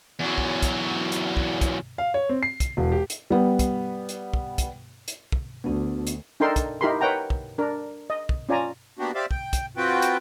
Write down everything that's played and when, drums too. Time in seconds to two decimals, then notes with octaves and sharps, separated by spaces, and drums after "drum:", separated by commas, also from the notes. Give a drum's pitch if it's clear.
0.20 E2 F#3
0.38 drum: kick
0.63 drum: kick, hi-hat
1.12 drum: hi-hat
1.37 drum: kick
1.61 drum: kick, hi-hat
1.98 F5
2.14 C#5
2.29 C4
2.43 C7
2.60 drum: kick, hi-hat
2.77 E1
2.92 G4
3.10 drum: hi-hat
3.30 G3 B3
3.59 drum: kick, hi-hat
4.09 drum: hi-hat
4.34 drum: kick
4.58 drum: kick, hi-hat
5.08 drum: hi-hat
5.32 drum: kick
5.64 D2 B3 D4 F#4
6.07 drum: hi-hat
6.40 D4 D#4 A4 A#4 G5 C6
6.56 drum: kick, hi-hat
6.81 D#4 E4 G4 A#4 B5 C6
7.01 A#4 B4 C#5 F#5 G5 A#5
7.30 drum: kick
7.58 D4 A#4
8.10 D#5
8.29 drum: kick
8.49 C#4 F4 D5 G#5 A#5
8.99 A#3 B3 D4 F#4 G4
9.15 G4 C5 D5 E5 F5
9.31 G5, drum: kick
9.53 drum: kick, hi-hat
9.77 C4 F4 F#4 B4 G5
10.02 drum: hi-hat